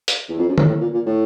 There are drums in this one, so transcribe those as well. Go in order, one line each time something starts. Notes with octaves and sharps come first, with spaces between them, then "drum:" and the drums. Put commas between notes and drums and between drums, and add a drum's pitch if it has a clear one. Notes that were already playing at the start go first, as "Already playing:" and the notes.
drum: hi-hat
E2
F2
F#2
A2, drum: tom
A2
A#2
A#2
A2